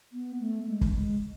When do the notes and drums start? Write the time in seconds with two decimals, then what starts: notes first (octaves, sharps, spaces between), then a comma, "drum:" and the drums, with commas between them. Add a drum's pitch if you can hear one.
0.13 B3
0.40 A3
0.68 G#3
0.81 drum: kick F#1
0.96 G#3